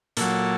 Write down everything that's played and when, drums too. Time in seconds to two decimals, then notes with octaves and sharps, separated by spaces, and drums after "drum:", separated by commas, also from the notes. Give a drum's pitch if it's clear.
0.17 A#2 F#3 A4, drum: hi-hat